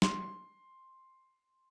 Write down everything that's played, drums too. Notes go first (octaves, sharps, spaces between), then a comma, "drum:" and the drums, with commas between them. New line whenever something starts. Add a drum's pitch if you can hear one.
C6, drum: snare